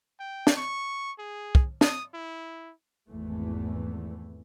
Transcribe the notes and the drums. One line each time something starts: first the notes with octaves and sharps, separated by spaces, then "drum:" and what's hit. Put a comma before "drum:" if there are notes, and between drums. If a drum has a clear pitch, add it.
G5
drum: snare
C#6
G#4
drum: kick
D#6, drum: snare
E4
G#1 E2 E3 A3